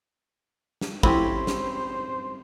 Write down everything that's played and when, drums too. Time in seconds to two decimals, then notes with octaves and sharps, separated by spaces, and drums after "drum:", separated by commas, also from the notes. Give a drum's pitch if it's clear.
0.81 drum: snare
1.03 F3 A3 C4 C#4 E4 G4 C5 B5, drum: kick
1.47 drum: snare